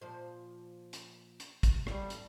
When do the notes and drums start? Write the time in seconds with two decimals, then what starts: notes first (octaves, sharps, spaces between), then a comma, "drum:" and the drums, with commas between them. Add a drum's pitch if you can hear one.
0.01 A#2 F3 C5
0.93 drum: hi-hat
1.40 drum: hi-hat
1.63 drum: kick, hi-hat
1.87 A2 G3, drum: rim click
2.10 drum: hi-hat